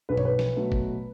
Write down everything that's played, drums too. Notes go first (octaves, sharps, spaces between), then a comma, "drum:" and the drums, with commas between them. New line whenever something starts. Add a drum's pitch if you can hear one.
B1 B4
C#5, drum: tom G2
B4
drum: snare F3
B2 F#3 A3
drum: kick